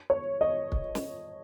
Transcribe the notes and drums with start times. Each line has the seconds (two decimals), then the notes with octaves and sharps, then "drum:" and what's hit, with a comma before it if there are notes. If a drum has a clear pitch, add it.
0.10 C#5
0.41 D#5
0.72 drum: kick
0.95 drum: snare